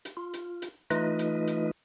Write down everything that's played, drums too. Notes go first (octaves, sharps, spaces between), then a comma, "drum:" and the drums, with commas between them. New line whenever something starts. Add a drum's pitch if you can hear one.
drum: hi-hat
F4
drum: hi-hat
drum: hi-hat
E3 A3 D#4 F4 B4 D#5, drum: hi-hat
drum: hi-hat
drum: hi-hat